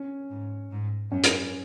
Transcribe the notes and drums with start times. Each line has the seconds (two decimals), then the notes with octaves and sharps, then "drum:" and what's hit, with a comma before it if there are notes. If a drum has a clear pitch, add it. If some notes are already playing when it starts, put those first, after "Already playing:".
Already playing: C#4
0.30 G#2
0.72 G#2
1.11 F#2 C#4
1.24 drum: hi-hat